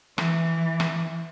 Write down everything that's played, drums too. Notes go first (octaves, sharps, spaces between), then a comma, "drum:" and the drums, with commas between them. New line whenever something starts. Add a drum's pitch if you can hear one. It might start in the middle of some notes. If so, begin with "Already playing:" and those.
E3, drum: rim click
drum: rim click